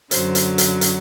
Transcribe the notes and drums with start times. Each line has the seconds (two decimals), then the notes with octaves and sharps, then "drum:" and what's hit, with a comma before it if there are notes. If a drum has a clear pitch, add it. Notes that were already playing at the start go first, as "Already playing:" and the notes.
0.11 F#2 D3 F#3 C5, drum: hi-hat
0.35 drum: hi-hat
0.58 drum: hi-hat
0.81 drum: hi-hat